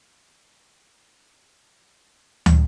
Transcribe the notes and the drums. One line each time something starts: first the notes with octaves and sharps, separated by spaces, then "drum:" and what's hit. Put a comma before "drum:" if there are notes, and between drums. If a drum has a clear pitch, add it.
D6
G4 B4 D5 A#5 C#6
B5 D6
C#6 E6
G4 B4 D5 E6 G6
A#5 C#6
A#5 C#6
G4 A#4 D5
G4 A#4 D5 G5 B5
F#5 A#5
drum: tom